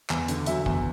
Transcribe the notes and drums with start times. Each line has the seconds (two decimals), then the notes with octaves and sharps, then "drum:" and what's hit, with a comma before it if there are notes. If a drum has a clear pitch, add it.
0.10 E2, drum: clap
0.28 D3, drum: hi-hat
0.46 F#3 E5, drum: hi-hat
0.66 E2, drum: kick